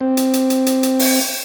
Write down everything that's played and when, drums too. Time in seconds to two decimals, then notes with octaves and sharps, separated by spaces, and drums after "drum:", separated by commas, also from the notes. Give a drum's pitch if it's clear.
0.01 C4
0.17 drum: hi-hat
0.34 drum: hi-hat
0.50 drum: hi-hat
0.66 drum: hi-hat
0.83 drum: hi-hat
0.99 drum: open hi-hat